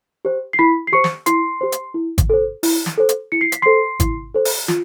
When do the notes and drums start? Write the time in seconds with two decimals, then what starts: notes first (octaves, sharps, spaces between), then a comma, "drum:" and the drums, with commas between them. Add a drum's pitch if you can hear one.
0.25 G4 C5
0.53 C7
0.59 E4 B5 B6
0.87 C7
0.92 G4 C5 C#6 C#7
1.04 drum: snare
1.26 E4 C6 C7, drum: hi-hat
1.61 G4 C5
1.72 drum: hi-hat
1.94 E4
2.18 drum: kick G#1, hi-hat
2.30 A4 C5
2.63 E4, drum: open hi-hat
2.86 drum: snare
2.98 A4 C5
3.09 drum: hi-hat
3.32 E4 C#7
3.41 C7
3.52 B6, drum: hi-hat
3.62 A4 C5 C6 C7
4.00 E4, drum: kick G#1, hi-hat
4.34 A4 C5
4.45 drum: open hi-hat
4.68 F4, drum: snare